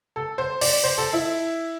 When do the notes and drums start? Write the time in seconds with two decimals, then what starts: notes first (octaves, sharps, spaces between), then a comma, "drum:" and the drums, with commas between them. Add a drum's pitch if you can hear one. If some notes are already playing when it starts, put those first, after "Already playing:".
0.16 A4
0.38 C5
0.61 D5, drum: open hi-hat
0.84 C5
0.98 A4
1.13 E4